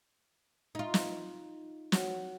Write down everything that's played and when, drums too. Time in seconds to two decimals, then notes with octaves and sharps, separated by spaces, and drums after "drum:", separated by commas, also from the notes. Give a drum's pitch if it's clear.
0.75 D#4 F4
0.94 drum: snare
1.92 F#4 C#5 F#5, drum: snare